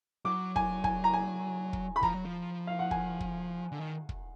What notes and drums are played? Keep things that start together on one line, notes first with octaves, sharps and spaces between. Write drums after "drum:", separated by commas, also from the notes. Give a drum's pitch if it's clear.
F#3 D6
G#5, drum: kick
G#5, drum: kick
A#5
G#5
drum: kick
B5
F3 A#5, drum: kick
F#3
F3
F5
F#5
G#5, drum: kick
drum: kick
D3
D#3
drum: kick